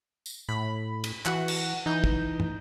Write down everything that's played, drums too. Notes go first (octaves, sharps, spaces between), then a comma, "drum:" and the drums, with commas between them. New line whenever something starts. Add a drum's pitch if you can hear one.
drum: tambourine
A2 B5
drum: cymbal
E3 F#4 F#5, drum: clap
drum: cymbal
E3 D#4 G6
drum: kick
drum: tom